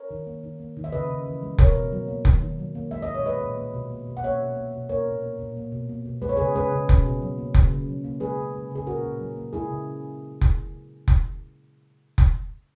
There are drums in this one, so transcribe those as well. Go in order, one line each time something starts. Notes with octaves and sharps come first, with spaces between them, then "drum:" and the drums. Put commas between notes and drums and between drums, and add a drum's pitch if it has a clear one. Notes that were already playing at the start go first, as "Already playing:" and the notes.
Already playing: A#4 C#5
D#3
A#3
D#3
A#3
D#3
E5
C#3 B4 D#5
C#3
E3
G#3
B2 A#4 C#5, drum: kick F1
B2
F#3
A#3
D#3, drum: kick F1
D#3
F#3
A#3
G#3 E5
D#5
A#2
C#5
G#3 B4 D#5
A#2
A#3
B2
A#3
B2
F#5
A#3 C#5 E5
B2
A#3
B2
A#3 A#4 C#5
A#2
A#3
A#2
A#3
B2
A#3
B2
G#3 B4
C#5
C#3 G#4 B4
G#3 G#4 B4
C#3
B2, drum: kick F1
B2
F#3
A#3
C#3, drum: kick F1
C#3
F#3
A#3
G#3 G#4 B4
C#3
G#3
C#3 G#4
A#2 F#4 A#4
A#2
F#3
A#3
G#3 E4 G#4
C#3
drum: kick F1
drum: kick F1
drum: kick F1